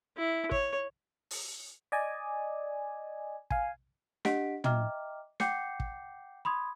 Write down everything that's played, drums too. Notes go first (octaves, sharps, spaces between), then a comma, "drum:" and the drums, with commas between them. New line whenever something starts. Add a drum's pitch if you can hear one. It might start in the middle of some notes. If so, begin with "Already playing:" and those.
E4
C#5, drum: kick
drum: open hi-hat
D5 D#5 G#5
F5 G#5, drum: kick
D4 G4 D#5 F#5 B6 D7, drum: snare
D#5 E5 G5 A#5 D6 F6, drum: tom
F#5 G5 D6 G6 C7 C#7, drum: snare
drum: kick
B5 C6 D#6 G#6